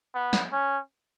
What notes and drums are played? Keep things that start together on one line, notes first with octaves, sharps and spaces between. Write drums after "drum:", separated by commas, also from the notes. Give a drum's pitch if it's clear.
B3
drum: snare
C#4